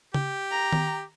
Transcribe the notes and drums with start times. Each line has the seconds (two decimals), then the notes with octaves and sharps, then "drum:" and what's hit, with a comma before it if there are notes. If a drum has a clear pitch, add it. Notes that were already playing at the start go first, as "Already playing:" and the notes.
0.14 G4, drum: tom C#3
0.51 A#5
0.73 drum: tom D#3